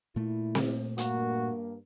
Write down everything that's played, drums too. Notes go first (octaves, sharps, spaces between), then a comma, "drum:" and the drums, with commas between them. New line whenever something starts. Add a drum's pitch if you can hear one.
A#2 A3 E4
drum: snare C4
G2 A#3 F#4, drum: hi-hat